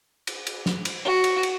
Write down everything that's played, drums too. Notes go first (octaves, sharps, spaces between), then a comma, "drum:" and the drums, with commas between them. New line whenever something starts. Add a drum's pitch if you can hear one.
drum: cymbal
drum: cymbal
drum: snare
drum: cymbal
F#4
drum: cymbal
drum: cymbal